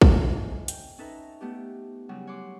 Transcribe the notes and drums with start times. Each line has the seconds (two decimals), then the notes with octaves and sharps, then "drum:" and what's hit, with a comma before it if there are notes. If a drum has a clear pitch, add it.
0.02 A4 C5 D#5 E5 G#5, drum: kick
0.68 G5, drum: hi-hat
0.98 C#4 D#4 A4 B4 E5 A#5
1.40 A3 B3 G4
2.09 C#3 F#3 G3
2.27 C#5 F#5 C6 D6